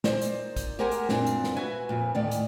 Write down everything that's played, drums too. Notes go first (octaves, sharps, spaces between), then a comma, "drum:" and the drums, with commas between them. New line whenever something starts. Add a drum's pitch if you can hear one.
A#2 D#4 C5 D5, drum: snare
drum: hi-hat
drum: kick, hi-hat
G4 G#4 A#4 C5 F#5 G#5
drum: hi-hat
F#2 A#2 C4 D4, drum: snare
drum: hi-hat
drum: snare
F#4 B4 E5 G#5
F2 A#2
D2 A2 D#3 D5
drum: hi-hat